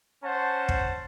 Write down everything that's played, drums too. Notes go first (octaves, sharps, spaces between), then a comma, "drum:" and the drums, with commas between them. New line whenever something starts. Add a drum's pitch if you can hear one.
C#4 C5 F#5 A5
drum: kick